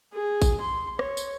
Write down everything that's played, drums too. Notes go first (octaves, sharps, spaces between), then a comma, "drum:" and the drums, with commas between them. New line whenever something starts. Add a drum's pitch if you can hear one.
G#4
drum: kick A1, tambourine
C6
C#5, drum: rim click
drum: tambourine